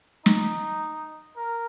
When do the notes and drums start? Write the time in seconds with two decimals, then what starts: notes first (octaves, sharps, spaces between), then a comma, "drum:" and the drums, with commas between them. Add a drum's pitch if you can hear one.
0.26 D#4, drum: snare
1.37 A#4